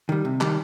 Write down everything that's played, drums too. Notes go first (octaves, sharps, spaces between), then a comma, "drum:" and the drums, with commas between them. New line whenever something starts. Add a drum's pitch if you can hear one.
D#3 G3
C3
D#3 G3, drum: clap